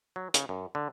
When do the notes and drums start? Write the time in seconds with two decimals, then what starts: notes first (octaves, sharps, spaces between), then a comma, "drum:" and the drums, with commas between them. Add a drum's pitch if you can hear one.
0.16 F#3
0.34 C#3, drum: hi-hat
0.49 F#2
0.75 D3